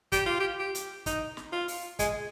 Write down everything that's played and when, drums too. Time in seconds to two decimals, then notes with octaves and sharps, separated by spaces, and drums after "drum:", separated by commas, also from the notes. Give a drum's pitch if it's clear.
0.12 G4, drum: kick, hi-hat
0.26 F4
0.40 G4
0.59 G4
0.75 drum: hi-hat
1.06 D#4, drum: kick, hi-hat
1.37 drum: snare
1.52 F4
1.68 drum: open hi-hat
1.99 G#3, drum: kick, hi-hat